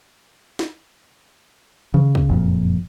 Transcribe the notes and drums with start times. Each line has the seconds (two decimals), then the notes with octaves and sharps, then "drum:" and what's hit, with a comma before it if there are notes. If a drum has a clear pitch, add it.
0.59 drum: snare
1.94 C#3, drum: tom D#3
2.15 drum: kick C#2
2.29 F#1 F2 A#2